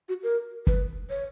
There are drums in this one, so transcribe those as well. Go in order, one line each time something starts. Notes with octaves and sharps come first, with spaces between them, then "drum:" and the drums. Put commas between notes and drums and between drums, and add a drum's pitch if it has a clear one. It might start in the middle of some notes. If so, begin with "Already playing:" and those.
F#4
A#4
B4, drum: kick
C#5